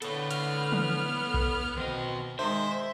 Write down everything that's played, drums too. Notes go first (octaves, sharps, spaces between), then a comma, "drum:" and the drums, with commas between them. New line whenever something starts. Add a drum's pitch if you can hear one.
D3 B3 A4 C#5, drum: hi-hat
F6, drum: hi-hat
drum: tom E3
drum: kick B1
D#2 B2 C4 D#5
D#3 G#3 C5 E5